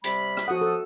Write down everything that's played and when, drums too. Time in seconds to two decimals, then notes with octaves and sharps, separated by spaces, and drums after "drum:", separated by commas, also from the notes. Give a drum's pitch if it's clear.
0.04 C3 G3 B5, drum: hi-hat
0.37 drum: rim click
0.48 F2 F3 F#4 F#5 D#6
0.61 A4